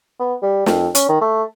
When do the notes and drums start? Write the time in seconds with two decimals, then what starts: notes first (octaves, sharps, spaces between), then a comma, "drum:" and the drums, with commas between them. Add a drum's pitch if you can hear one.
0.19 B3
0.43 G3
0.66 F2, drum: snare
0.95 C#4, drum: hi-hat
1.09 D#3
1.21 A3